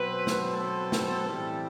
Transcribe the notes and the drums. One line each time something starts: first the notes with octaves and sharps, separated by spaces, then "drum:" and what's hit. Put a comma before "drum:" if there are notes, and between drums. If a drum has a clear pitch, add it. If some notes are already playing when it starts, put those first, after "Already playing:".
Already playing: B2 F#3 C4 B4
drum: snare
A4
drum: snare
A2 E3 G3 C4